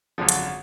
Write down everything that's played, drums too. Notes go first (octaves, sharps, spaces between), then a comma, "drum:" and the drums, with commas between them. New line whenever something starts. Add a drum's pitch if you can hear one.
G#1 F#2 D3 F3
drum: hi-hat